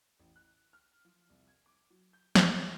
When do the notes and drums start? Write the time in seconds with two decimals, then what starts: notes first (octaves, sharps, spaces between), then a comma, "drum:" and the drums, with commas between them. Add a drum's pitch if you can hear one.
0.19 A1
0.36 F#6
0.73 F6
1.05 F3
1.30 C2
1.48 G#6
1.66 D6
1.90 F#3
2.13 G6
2.35 F4, drum: snare